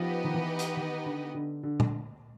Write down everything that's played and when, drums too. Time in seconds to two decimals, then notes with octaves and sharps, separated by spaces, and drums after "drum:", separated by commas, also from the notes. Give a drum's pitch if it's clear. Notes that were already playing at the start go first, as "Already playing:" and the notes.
Already playing: F3 B3 D#4 G4 B4 D#5
0.24 D#3
0.34 E3
0.59 drum: hi-hat
0.77 D#3
1.06 D3
1.34 D3
1.63 D3
1.80 drum: tom